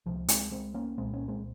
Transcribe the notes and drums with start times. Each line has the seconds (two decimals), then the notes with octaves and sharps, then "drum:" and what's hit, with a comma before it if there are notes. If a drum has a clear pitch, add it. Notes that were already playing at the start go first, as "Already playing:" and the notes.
0.06 C#2 C3 F3
0.28 G#3 C4, drum: hi-hat
0.51 G#3 C4
0.74 A#3 C#4
0.98 C2 A#2 G#3 C4
1.13 A#3 C#4
1.28 G#3 C4